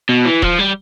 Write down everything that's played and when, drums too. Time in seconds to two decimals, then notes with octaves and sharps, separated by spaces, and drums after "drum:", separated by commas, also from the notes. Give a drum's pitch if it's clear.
0.09 B2
0.25 E3
0.42 F3, drum: kick D#1
0.59 G3